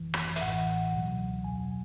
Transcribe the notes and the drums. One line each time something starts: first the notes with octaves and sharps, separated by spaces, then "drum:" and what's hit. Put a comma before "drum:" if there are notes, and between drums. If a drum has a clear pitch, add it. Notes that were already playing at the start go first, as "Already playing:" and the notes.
Already playing: G#1 F#2 E3
drum: rim click
E5, drum: hi-hat
A1 A2 E3 F#5
C#2 B2 F#3
E2 B2 F#3 G#5